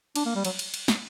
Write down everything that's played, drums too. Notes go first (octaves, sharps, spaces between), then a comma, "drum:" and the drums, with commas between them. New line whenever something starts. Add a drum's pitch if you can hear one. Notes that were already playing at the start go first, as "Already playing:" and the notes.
D4, drum: cymbal
A#3
G3
F#3, drum: cymbal
drum: cymbal
drum: cymbal
drum: snare